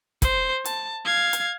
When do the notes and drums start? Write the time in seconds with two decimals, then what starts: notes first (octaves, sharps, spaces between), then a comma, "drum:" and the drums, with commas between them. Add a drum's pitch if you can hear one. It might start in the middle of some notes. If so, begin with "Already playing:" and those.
0.22 C5, drum: kick, hi-hat
0.65 A5, drum: hi-hat
1.05 F5 G#6
1.33 drum: hi-hat